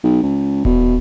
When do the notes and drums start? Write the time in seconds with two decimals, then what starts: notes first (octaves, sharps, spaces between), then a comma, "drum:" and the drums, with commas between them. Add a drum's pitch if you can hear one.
0.03 B1
0.23 C#2
0.65 B2, drum: kick D#1